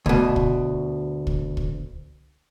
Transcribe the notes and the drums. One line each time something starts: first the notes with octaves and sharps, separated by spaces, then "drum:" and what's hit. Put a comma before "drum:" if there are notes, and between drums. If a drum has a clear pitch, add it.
D2 B2, drum: kick
drum: kick
drum: kick
drum: kick